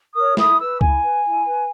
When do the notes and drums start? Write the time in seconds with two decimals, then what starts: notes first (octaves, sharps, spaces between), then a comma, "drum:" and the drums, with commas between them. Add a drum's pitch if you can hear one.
0.15 A#4 C#5 D#6
0.37 E4 D#6, drum: snare
0.59 B4 E6
0.81 E4 G#5, drum: kick C#2
1.02 B4
1.24 E4
1.45 B4